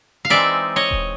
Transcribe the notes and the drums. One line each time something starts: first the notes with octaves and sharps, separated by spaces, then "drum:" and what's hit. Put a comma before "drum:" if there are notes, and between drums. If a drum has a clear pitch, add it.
F5
E3 G#3 C4 D#4 D5 E5
C#5 D#5
drum: kick D#1